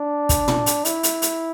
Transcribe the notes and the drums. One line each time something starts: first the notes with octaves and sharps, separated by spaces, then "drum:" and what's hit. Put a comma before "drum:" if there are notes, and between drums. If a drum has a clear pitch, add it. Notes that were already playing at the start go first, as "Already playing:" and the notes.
Already playing: D4
drum: kick, hi-hat
drum: tom
drum: hi-hat
E4, drum: hi-hat
drum: hi-hat
drum: hi-hat